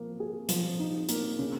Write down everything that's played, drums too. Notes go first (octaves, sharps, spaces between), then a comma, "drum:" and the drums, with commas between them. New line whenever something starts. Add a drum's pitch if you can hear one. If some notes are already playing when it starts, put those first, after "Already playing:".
Already playing: F3 A#3
G#4
F3, drum: hi-hat
D#4
A#3, drum: hi-hat
C#3